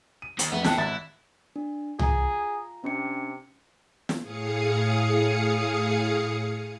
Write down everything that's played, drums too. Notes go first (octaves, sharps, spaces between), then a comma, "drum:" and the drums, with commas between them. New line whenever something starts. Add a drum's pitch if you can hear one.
D#7
D#2, drum: hi-hat
F2 A3 B3
E5 G5 A5 F#6, drum: snare
G#1 E4 E5 A6
D4
F4 G#4 A#5, drum: tom
C3 C#4 D4 C#7
drum: snare
A2 G#4 F5 D#6 C#7